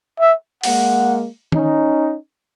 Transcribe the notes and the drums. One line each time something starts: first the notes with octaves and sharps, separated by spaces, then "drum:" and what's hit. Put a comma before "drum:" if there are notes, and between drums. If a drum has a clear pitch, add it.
E5
G#3 A#3 F#5, drum: open hi-hat
C#4 D#4, drum: tom D#3